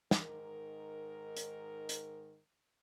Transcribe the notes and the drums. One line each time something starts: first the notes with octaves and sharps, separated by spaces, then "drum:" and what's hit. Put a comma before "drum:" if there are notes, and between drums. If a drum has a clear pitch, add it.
G#2 D#3 A#4, drum: snare
drum: hi-hat
drum: hi-hat